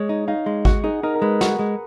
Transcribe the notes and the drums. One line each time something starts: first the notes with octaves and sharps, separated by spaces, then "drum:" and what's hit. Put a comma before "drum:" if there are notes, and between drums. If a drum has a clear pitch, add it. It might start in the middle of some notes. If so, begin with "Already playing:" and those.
Already playing: G#3 C#5
D#4
D#4 F5
G#3
F#4 F#5, drum: kick G#1
D#4 G#4
D#4 A#4
A#4
G#3 B4
F#4, drum: snare
G#3